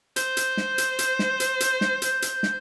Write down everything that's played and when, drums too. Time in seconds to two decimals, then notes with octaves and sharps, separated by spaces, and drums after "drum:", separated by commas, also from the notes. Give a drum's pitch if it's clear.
0.16 C5 G6, drum: hi-hat
0.37 drum: hi-hat
0.57 drum: snare
0.78 drum: hi-hat
0.99 drum: hi-hat
1.19 drum: snare
1.40 drum: hi-hat
1.60 drum: hi-hat
1.81 drum: snare
2.02 drum: hi-hat
2.22 drum: hi-hat
2.43 drum: snare